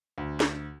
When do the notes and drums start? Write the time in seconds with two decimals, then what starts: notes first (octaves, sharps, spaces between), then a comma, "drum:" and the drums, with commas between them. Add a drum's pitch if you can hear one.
0.18 D2
0.40 drum: snare